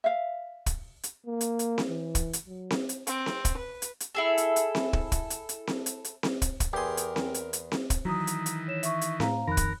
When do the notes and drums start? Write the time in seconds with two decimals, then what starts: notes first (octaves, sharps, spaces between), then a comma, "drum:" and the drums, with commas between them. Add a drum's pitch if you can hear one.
0.04 E5 F5
0.66 drum: kick, hi-hat
1.03 drum: hi-hat
1.27 A#3
1.41 drum: hi-hat
1.59 drum: hi-hat
1.78 drum: snare C4
1.89 E3
2.15 drum: kick, hi-hat
2.33 drum: hi-hat
2.46 F#3
2.70 drum: snare C4
2.89 drum: hi-hat
3.07 C4, drum: hi-hat
3.26 drum: snare C4
3.45 drum: kick, hi-hat
3.57 B4
3.82 drum: hi-hat
4.00 drum: hi-hat
4.15 E4 G#4 A4
4.38 drum: hi-hat
4.56 drum: hi-hat
4.75 drum: snare C4
4.93 drum: kick
5.12 drum: kick, hi-hat
5.30 drum: hi-hat
5.49 drum: hi-hat
5.67 drum: snare C4
5.86 drum: hi-hat
6.05 drum: hi-hat
6.23 drum: snare C4
6.42 drum: kick, hi-hat
6.60 drum: kick, hi-hat
6.73 E2 G4 G#4 A#4 C6
6.97 drum: hi-hat
7.16 drum: snare C4
7.34 drum: hi-hat
7.53 drum: hi-hat
7.72 drum: snare C4
7.90 drum: kick, hi-hat
8.05 D#3 E3 F#3 A#5 D#6
8.27 drum: hi-hat
8.46 drum: hi-hat
8.68 C#5 E7
8.83 E5 C#6, drum: hi-hat
9.01 drum: hi-hat
9.20 A2 F5 A#5, drum: snare C4
9.48 F2 D#3 A#4 B5 F#6
9.57 drum: kick, hi-hat